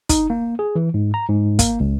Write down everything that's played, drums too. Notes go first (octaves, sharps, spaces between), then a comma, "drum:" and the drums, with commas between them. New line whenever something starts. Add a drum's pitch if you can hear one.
D#4, drum: kick, hi-hat
A#3
G#4
E3
G#2
A#5
G#2
A#3, drum: kick, hi-hat
C#2